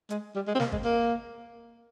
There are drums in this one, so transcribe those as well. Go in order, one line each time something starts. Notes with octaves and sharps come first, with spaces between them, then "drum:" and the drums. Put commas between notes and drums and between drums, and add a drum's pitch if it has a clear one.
G#3, drum: hi-hat
G3
G#3
C4
A#3, drum: snare
G#3, drum: kick
A#3